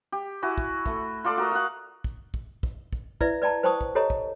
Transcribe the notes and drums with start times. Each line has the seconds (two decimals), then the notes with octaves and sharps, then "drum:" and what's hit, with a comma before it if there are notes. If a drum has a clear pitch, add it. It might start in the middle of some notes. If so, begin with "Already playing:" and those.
0.12 G4
0.42 E4 F#4 G#5
0.58 drum: kick
0.86 A3, drum: kick
1.24 F4 A4 D5 C6
1.37 F#4 A#4 D#5
1.52 F5 F#5
2.04 drum: kick
2.34 drum: kick
2.63 drum: kick
2.93 drum: kick
3.21 E4 B4 D5 E5, drum: kick
3.42 B4 D5 G5 A5 A#5
3.63 B4 C5 G5 A5 C#6 D#6
3.81 drum: kick
3.95 G4 A4 C#5 D#5 A#5
4.10 drum: kick